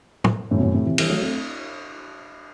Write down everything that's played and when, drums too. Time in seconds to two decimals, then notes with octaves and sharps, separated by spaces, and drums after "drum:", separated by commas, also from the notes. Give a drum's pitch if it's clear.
0.24 drum: tom
0.51 F#2 A2
0.59 B2
0.63 F#2 A2
0.74 A2 C3
0.86 C3 E3
0.98 E3 G3, drum: cymbal
1.10 F#3 A3
1.21 A3 C4